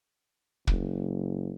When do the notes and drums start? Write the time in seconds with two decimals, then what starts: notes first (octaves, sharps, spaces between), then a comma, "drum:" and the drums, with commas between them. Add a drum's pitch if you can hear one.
0.67 F#1, drum: kick